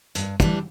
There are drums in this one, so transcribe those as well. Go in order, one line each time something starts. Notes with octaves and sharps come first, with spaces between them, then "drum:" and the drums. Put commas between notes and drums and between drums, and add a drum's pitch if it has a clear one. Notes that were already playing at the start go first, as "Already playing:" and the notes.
G2, drum: hi-hat
E3 G3 D4 G4, drum: kick